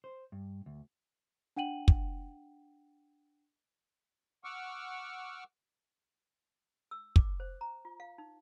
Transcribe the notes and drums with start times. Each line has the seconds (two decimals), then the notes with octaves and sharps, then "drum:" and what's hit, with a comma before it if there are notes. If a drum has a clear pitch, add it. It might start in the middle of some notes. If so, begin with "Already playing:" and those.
0.04 C5
0.32 G2
0.66 D2
1.57 D4 F#5 G5 D#7 F#7
1.88 drum: kick
4.44 F#5 C#6 D6 E6 F6
6.91 E6
7.16 D6, drum: kick
7.40 C5
7.61 A#5
7.85 F4
8.00 F5
8.18 D#4